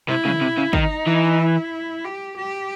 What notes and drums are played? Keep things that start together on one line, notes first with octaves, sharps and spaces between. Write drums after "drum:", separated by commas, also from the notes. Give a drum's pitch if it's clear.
C3 E4
C#3, drum: tom
C3
C#3
D#3 D#4, drum: kick
E3
E4
G4
G4